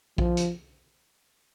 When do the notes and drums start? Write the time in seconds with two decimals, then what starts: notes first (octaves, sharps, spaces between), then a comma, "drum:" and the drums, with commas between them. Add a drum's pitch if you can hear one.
0.18 F3, drum: kick A#1
0.37 drum: hi-hat